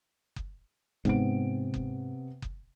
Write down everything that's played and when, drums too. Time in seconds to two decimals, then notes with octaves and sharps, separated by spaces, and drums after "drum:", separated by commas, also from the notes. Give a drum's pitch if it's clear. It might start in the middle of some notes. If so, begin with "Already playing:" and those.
0.36 drum: kick F#1
1.05 G#2 C3 B3 D7, drum: kick F#1
1.74 drum: kick F#1
2.42 drum: kick F#1